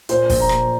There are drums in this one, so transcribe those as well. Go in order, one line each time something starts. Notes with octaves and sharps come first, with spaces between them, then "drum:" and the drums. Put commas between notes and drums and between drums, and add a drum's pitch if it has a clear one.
A#2 C5, drum: hi-hat
A#1, drum: kick, open hi-hat
A#5
A#1, drum: rim click